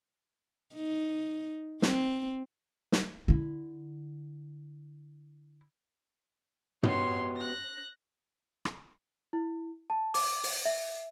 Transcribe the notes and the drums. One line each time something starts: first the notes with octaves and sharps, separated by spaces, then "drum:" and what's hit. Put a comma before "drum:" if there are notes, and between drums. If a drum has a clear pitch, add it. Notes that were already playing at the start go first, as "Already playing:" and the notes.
D#4
C4, drum: snare
drum: snare
D3 E4
B3 F#4 G4 C#5 C6, drum: tom
F#6 A#6
drum: rim click
E4
A5
D6, drum: open hi-hat
drum: open hi-hat
E5